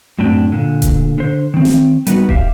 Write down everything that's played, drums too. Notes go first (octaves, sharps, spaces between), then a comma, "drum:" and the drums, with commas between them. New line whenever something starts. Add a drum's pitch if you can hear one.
F#2 A2 C4 D4 G5
A#2 D3
drum: kick D#1, hi-hat
D3 C5
D#3 C4
drum: snare
G3 A3 B3 D#4 F#4 B4, drum: hi-hat
G4 E5 F5, drum: kick D#1